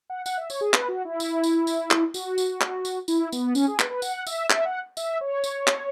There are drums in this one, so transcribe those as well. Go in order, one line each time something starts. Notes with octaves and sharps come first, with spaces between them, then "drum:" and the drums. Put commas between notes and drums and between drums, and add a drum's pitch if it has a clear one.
F#5
F#5, drum: tambourine
E5
C#5, drum: tambourine
G#4
B4, drum: clap
F#4
E4
drum: tambourine
drum: tambourine
drum: tambourine
drum: clap
F#4, drum: tambourine
drum: tambourine
drum: clap
drum: tambourine
E4, drum: tambourine
B3, drum: tambourine
C#4, drum: tambourine
G#4
B4, drum: clap
B4
F#5, drum: tambourine
E5, drum: tambourine
E5, drum: clap
F#5
E5, drum: tambourine
C#5
drum: tambourine
drum: clap